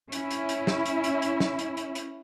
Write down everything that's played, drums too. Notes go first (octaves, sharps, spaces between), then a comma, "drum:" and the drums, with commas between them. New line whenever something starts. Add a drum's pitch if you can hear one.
C#4 E4, drum: hi-hat
drum: hi-hat
drum: hi-hat
drum: snare
drum: hi-hat
drum: hi-hat
drum: hi-hat
drum: snare
drum: hi-hat
drum: hi-hat
drum: hi-hat